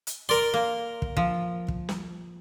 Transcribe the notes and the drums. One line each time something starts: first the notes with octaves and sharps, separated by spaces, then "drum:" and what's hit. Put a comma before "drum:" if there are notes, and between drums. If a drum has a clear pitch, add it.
drum: hi-hat
A#4 D5 C6
A#3
drum: kick
F3, drum: kick
drum: kick
drum: snare